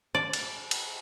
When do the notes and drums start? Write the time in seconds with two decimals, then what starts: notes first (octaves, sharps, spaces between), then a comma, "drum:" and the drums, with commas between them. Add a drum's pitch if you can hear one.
0.15 D5
0.33 drum: cymbal
0.71 drum: cymbal